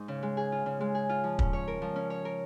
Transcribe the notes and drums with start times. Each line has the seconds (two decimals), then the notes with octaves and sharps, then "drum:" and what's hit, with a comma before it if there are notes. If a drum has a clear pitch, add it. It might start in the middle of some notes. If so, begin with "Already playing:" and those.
Already playing: G#2 D#4
0.08 C#3
0.23 G#3
0.37 G#4
0.52 F4
0.66 C#3
0.80 G#3
0.95 G#4
1.09 F4
1.24 F3
1.39 C#4, drum: kick
1.53 C#5
1.68 A#4
1.82 F3
1.96 C#4
2.10 C#5
2.25 A#4